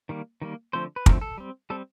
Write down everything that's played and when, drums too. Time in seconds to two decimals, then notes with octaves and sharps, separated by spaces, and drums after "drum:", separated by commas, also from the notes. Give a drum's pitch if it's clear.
0.09 D#3 G3 A#3
0.42 D#3 G3 A#3
0.73 D3 F3 A3 C4 C5
0.96 B4
1.06 D3 F3 A3 C4 A#4, drum: kick
1.21 A4
1.38 G3 C4
1.70 G3 C4 A4